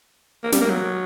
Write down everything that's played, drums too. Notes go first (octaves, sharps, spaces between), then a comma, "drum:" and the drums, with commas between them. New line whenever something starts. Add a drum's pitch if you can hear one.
A#3
G3, drum: snare
A#3
F#3